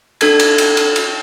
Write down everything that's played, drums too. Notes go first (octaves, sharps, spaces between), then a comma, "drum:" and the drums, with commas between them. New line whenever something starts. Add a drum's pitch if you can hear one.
D4 A4 G#6, drum: cymbal
drum: cymbal
drum: cymbal
drum: cymbal
drum: cymbal